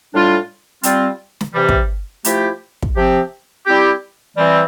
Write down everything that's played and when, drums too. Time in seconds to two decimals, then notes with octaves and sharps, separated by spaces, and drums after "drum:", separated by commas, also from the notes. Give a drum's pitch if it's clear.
0.13 A2 G3 D4 F4
0.83 G3 C4 F4, drum: hi-hat
1.41 drum: snare
1.54 C3 E3 G3
1.69 drum: kick
2.25 F3 A3 E4 G4, drum: hi-hat
2.82 drum: kick
2.95 C3 F3 C4 G4
3.66 G3 C4 E4 G4
4.37 E3 G3 C4